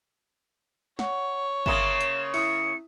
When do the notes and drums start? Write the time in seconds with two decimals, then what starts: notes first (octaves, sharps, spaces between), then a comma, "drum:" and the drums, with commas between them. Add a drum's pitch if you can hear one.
0.99 C#5 F#5, drum: snare
1.66 C#3 A#3 C#4 E5 C6 D#6 E7, drum: kick
2.01 drum: hi-hat
2.34 E4 D#6 C#7, drum: open hi-hat